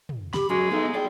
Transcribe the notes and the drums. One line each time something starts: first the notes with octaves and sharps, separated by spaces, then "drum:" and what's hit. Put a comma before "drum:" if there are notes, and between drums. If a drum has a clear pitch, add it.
drum: tom
G4 B5, drum: snare
F#2 G#3 F#4
B3 D#4 A4
G#4 D5 G5